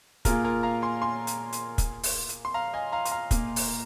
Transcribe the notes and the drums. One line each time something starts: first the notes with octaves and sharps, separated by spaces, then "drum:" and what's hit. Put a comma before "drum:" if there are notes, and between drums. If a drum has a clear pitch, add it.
A#2 A#3 F4 G#4 A#4, drum: kick, hi-hat
F4 A#4
F5 A#5
G#5 C6
G#5 C6
drum: hi-hat
drum: hi-hat
drum: kick, hi-hat
drum: open hi-hat
drum: hi-hat
C6
F5 A#5
D#5 G#5
F5 A#5
C6, drum: hi-hat
F5 A#5
A#2 A#3 F4, drum: kick, hi-hat
drum: open hi-hat